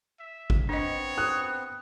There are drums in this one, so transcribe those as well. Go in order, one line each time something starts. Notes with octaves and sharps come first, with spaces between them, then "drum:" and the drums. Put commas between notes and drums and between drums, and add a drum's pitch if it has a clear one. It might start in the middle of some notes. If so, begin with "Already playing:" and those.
E5
drum: kick G#1
B3 C4 D4 C#5 D#5
D#6 F#6